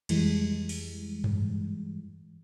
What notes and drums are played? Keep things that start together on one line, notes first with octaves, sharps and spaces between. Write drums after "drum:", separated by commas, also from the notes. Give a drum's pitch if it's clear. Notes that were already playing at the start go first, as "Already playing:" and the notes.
F2 E3 G3 G#3, drum: cymbal
drum: open hi-hat
drum: tom G2